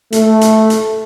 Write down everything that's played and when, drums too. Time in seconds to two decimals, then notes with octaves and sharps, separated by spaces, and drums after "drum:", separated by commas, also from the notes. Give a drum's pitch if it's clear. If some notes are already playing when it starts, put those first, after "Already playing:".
0.12 A3, drum: hi-hat
0.41 drum: hi-hat
0.70 drum: hi-hat